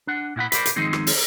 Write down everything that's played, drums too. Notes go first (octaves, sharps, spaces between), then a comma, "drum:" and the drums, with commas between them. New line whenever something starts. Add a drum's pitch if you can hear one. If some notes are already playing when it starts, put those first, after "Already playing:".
D4 F#5
A#2 E4 F#5 B5
A#4 C5 D5 E5 B5, drum: hi-hat
drum: hi-hat
D#3 F3 G#3 C4 D#4 G#4
drum: rim click
drum: open hi-hat